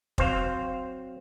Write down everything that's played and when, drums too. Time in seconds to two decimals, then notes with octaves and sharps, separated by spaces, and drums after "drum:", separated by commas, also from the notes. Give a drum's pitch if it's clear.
0.18 F#3 C4 C5 F5, drum: kick